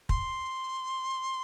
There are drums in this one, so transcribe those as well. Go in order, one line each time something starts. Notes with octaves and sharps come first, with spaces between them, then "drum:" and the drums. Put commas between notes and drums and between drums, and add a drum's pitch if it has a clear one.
C6, drum: kick